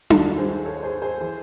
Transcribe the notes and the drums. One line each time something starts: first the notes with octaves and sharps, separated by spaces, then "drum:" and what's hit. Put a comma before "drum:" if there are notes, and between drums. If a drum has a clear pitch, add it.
D#2 D#3 F#3 F#4 A4, drum: tom D4
G#4 C5
A4 C#5
C#5
G#4 C5
G#4 C5
E3